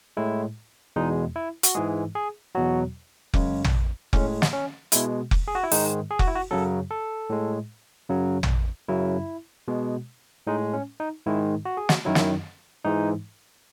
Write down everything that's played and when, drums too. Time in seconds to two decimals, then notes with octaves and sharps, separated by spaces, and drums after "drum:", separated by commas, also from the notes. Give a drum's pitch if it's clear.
0.17 A2 G#3 E4
0.96 E2 B2 G#3 D#4
1.36 E4
1.63 F#4, drum: hi-hat
1.75 G#2 E3 G#3 G#4
2.15 G#4
2.55 E2 B2 F#3 F#4
3.34 F#2 C#3 G#3, drum: kick F1
3.64 drum: tom
4.13 A2 G#3 C#4, drum: kick F1
4.42 drum: snare
4.53 C#4
4.92 B2 G#3 E4, drum: hi-hat
5.31 drum: kick F1
5.48 G#4
5.55 F#4
5.64 E4
5.72 G#2 D#3 G#3 D#4, drum: open hi-hat
6.11 G#4
6.19 F#4, drum: kick F1
6.27 E4
6.35 F#4
6.51 F#2 C#3 F#3 A4
6.91 A4
7.30 A2 G#3
8.09 F#2 C#3 F#3
8.43 drum: tom
8.88 F#2 C#3 F#3 E4
9.68 B2 G#3
10.47 A2 G#3 D#4
10.73 C#4
11.00 D#4
11.26 G#2 D#3 G#3 E4
11.65 F#4
11.77 G#4
11.89 F#4, drum: snare
12.05 F#2 D#3 F#3 E4
12.15 drum: snare
12.85 G#2 E3 G#3 D#4